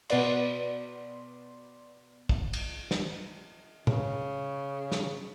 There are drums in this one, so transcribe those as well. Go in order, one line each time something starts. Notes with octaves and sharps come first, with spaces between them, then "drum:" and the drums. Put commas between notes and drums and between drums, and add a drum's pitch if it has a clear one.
B2 B3 B4 D5 C6, drum: cymbal
drum: kick
drum: cymbal
drum: snare
C#3, drum: tom A#2
drum: snare